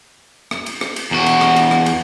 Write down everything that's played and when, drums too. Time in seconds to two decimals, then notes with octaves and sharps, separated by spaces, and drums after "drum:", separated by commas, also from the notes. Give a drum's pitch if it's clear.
0.51 drum: rim click
0.66 drum: cymbal
0.81 drum: rim click
0.96 drum: cymbal
1.11 E2 F#4
1.26 drum: cymbal
1.41 drum: rim click
1.56 drum: cymbal
1.71 drum: rim click
1.86 drum: cymbal